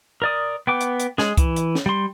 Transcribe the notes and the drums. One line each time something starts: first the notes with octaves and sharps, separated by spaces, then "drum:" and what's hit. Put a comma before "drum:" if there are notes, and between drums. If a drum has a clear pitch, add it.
A#4 D5 D#6
B3 G5 D6
drum: hi-hat
drum: hi-hat
G#3 G#4, drum: snare
E3, drum: kick C2, hi-hat
drum: hi-hat
drum: snare
G3 C6